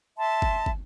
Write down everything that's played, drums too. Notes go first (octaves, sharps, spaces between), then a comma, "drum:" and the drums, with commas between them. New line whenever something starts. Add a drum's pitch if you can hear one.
E5 A5 C6
drum: kick
drum: kick